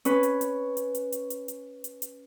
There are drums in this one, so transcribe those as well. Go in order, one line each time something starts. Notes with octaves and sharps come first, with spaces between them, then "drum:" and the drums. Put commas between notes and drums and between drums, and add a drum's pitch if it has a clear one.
C#4 B4, drum: hi-hat
drum: hi-hat
drum: hi-hat
drum: hi-hat
drum: hi-hat
drum: hi-hat
drum: hi-hat
drum: hi-hat
drum: hi-hat
drum: hi-hat